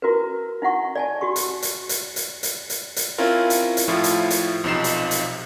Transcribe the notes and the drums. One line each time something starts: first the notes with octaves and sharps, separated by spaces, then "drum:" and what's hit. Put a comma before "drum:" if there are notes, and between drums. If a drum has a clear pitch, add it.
E4 F#4 A#4 B4
D#4 E4 F#5 C#6
D5 G#5 A5
F#4 G4 C#6
drum: hi-hat
drum: hi-hat
drum: hi-hat
drum: hi-hat
drum: hi-hat
drum: hi-hat
drum: hi-hat
C4 C#4 E4 F4 A#4
drum: hi-hat
drum: hi-hat
A2 F3 E4 F4
drum: hi-hat
drum: hi-hat
B1 C3 F3 D#4 C7 E7
drum: hi-hat
drum: hi-hat